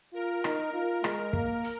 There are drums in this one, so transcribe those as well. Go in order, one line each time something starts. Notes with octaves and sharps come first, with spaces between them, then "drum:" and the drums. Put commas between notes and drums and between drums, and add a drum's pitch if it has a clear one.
F4 A#4
D#4, drum: rim click
F4
G#3, drum: rim click
A#3, drum: kick
drum: hi-hat